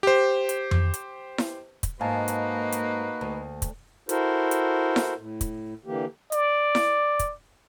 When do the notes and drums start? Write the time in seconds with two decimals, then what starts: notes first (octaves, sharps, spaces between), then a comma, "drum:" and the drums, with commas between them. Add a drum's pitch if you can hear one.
0.03 G4 C5
0.49 drum: hi-hat
0.71 drum: tom F2
0.94 drum: hi-hat
1.38 drum: snare E4
1.83 drum: kick, hi-hat
2.01 G#2 A#3 D#4 F#4 B4 F5 G#5 A5
2.28 drum: hi-hat
2.72 drum: hi-hat
3.21 D2
3.62 drum: kick, hi-hat
4.09 E4 F#4 A4 A#4 C5, drum: hi-hat
4.51 drum: hi-hat
4.96 drum: snare E4
5.17 A2
5.41 drum: kick, hi-hat
5.85 D3 E3 A#3 G4
6.32 D5, drum: hi-hat
6.75 drum: snare E4
7.19 drum: kick, hi-hat